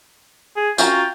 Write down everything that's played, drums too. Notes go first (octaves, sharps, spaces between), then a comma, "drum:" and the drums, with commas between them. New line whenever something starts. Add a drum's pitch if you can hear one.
G#4
C#4 F4 F#4 G5 A#5, drum: tambourine